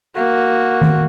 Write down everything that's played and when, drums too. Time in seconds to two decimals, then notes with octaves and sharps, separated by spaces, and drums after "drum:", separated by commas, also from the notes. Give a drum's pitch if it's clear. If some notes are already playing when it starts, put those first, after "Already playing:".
0.16 A#3 F#4
0.81 drum: tom D#3